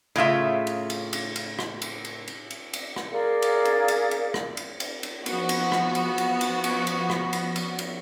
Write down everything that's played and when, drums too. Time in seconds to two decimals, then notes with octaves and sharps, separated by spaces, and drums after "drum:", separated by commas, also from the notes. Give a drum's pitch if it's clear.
0.16 A2 C#3 F4 E5
0.67 drum: cymbal
0.90 drum: cymbal
1.13 drum: cymbal
1.36 drum: cymbal
1.59 drum: rim click
1.82 drum: cymbal
2.05 drum: cymbal
2.28 drum: cymbal
2.50 drum: cymbal
2.73 drum: cymbal
2.96 drum: rim click
3.11 G#4 A#4 D5 F5
3.42 drum: cymbal
3.65 drum: cymbal
3.88 drum: cymbal
4.11 drum: cymbal
4.34 drum: rim click
4.57 drum: cymbal
4.80 drum: cymbal
5.03 drum: cymbal
5.26 F3 B3 F#4, drum: cymbal
5.49 drum: cymbal
5.72 drum: rim click
5.95 drum: cymbal
6.18 drum: cymbal
6.41 drum: cymbal
6.64 drum: cymbal
6.87 drum: cymbal
7.10 drum: rim click
7.33 drum: cymbal
7.56 drum: cymbal
7.79 drum: cymbal